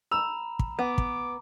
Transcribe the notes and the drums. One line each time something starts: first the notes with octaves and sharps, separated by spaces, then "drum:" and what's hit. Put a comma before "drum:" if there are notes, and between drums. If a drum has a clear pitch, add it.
A#5 B5 E6
drum: kick
B3 D6
drum: kick